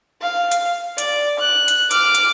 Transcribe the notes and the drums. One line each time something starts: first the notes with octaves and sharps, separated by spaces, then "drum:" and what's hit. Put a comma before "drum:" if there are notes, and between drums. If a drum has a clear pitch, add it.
F5
drum: hi-hat
D5, drum: hi-hat
F#6
drum: hi-hat
D6 F6, drum: hi-hat
drum: hi-hat